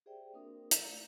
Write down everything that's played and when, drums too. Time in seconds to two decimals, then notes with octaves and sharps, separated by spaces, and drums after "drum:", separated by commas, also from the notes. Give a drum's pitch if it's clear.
0.06 G4 G#4 C5 D5 E5 G5
0.33 A#3 C4 D4 F#4 A#4 D#6
0.71 drum: hi-hat
0.86 A3 D5